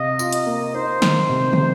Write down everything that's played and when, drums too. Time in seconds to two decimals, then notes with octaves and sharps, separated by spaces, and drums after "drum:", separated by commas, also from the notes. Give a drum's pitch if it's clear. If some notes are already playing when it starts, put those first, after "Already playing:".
Already playing: C3 D#5 F5
0.19 F4, drum: tambourine
0.32 D#5, drum: hi-hat
0.46 A#3
0.74 D#4 C5
1.02 D#3, drum: snare
1.29 C3
1.53 drum: tom